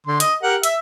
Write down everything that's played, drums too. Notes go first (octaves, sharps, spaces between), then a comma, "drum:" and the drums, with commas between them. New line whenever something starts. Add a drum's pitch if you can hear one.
D3 C6
D#5, drum: hi-hat
G4 A#4 F#5
E5 E6, drum: hi-hat